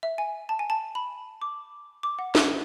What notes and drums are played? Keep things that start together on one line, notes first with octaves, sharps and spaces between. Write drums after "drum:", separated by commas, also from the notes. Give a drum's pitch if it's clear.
E5
G#5
A5
G#5
A5
B5
D6
D6
F#5
E5, drum: snare